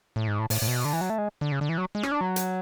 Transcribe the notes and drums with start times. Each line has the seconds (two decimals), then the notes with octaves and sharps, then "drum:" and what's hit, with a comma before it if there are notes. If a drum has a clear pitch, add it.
0.16 A2
0.28 G#2
0.39 A2
0.50 A2, drum: open hi-hat
0.62 A2
0.68 B2
0.85 D3
0.93 E3
1.01 F#3
1.10 A3
1.18 G#3
1.41 D3
1.52 C#3
1.61 D3
1.69 E3
1.78 F#3
1.95 G#3
2.03 C#4, drum: rim click
2.11 D4
2.21 F#3
2.36 drum: hi-hat